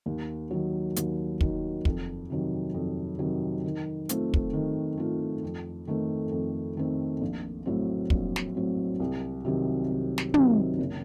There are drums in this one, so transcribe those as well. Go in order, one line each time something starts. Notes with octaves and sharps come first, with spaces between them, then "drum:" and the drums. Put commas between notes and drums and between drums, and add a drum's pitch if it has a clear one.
D#2
D#3 F#3
D#2, drum: hi-hat
D#3 F#3, drum: kick
F2, drum: kick
C3 D#3 F#3
F2
C3 D#3 F#3
D#3
A3 C4 F4, drum: hi-hat
drum: kick
D#3
A3 C4 F4
F2
D#3 A3 C4
F2
D#3 A3 C4
A#1
A2 F#3 C4
A#1, drum: kick
drum: snare
A2 F#3 C4
C2
C3 D#3 F#3 C4
C2
drum: snare
C3 D#3 F#3 C4, drum: tom
F#1